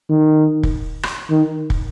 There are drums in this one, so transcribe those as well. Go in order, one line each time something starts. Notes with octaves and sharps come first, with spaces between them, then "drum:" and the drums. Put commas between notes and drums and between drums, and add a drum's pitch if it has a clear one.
D#3
drum: kick
drum: rim click
D#3
drum: kick